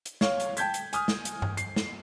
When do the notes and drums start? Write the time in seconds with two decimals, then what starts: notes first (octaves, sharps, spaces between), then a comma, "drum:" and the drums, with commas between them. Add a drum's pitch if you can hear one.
0.05 drum: hi-hat
0.21 C#5 F5 C#6, drum: snare
0.40 drum: hi-hat
0.57 G5 A5 G6 G#6 B6, drum: hi-hat
0.74 drum: hi-hat
0.93 G#5 D#6 F6, drum: hi-hat
1.08 drum: snare
1.25 drum: hi-hat
1.42 drum: tom G2
1.57 C7, drum: hi-hat
1.76 drum: snare